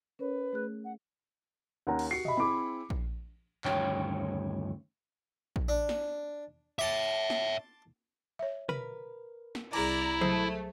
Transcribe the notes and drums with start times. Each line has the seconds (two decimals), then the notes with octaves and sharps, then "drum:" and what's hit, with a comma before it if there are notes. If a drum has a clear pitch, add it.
0.19 C#4 A#4 B4 C#5
0.53 A3 G#4 F#6
0.84 F#5
1.87 D#2 C#4 F#5 A#5
1.99 drum: cymbal
2.11 F#4 G4 C7 C#7
2.25 D#5 E5 B5, drum: tom
2.37 C4 E4 G#4 B5 D6
2.90 drum: kick A#1
3.65 D2 G2 D#3 C#4 C#5 G5, drum: clap
5.56 drum: kick A#1
5.68 D4
5.89 drum: snare
6.79 C#5 E5 A5 C6 D6
7.30 drum: snare
8.39 C#5 E5
8.69 A#4 B4 B5, drum: tom
9.55 drum: snare
9.73 C2 E4 G#4 D5 A#5 D6, drum: cymbal
10.21 F#3 A3 G#4 C5, drum: tom